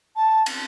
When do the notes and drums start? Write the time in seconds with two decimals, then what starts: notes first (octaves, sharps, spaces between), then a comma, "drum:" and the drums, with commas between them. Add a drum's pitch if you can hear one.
0.16 A5
0.46 drum: cymbal